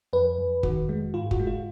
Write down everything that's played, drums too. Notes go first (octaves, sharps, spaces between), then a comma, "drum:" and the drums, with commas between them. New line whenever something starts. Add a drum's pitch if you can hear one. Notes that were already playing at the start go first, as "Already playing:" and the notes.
F2 B4
F2
D#3 F#4, drum: kick
G#3
G#2 F4
F#4, drum: kick
G#3
F4